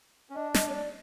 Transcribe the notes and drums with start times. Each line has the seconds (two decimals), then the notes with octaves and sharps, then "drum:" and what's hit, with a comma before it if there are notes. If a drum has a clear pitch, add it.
0.30 C#4
0.35 D4 D#5
0.54 D#5, drum: snare
0.69 C#5
0.73 D5